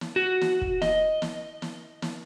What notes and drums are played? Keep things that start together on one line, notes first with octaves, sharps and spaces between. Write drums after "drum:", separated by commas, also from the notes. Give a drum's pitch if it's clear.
drum: snare
F#4
drum: snare
drum: kick
D#5, drum: snare
drum: snare
drum: snare
drum: snare